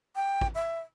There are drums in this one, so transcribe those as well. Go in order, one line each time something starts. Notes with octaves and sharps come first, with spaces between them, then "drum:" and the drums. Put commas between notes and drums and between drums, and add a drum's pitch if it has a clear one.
G5
drum: kick
E5